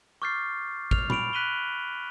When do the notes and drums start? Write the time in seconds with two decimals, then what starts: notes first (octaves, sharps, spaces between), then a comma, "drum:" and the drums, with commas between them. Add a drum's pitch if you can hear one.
0.22 C#6 D6 F6 G6 A6 C7
0.91 F6 F7, drum: kick
1.10 B5 C#6 D7 F7, drum: tom A#2
1.33 F#6 B6 D#7 F#7 G7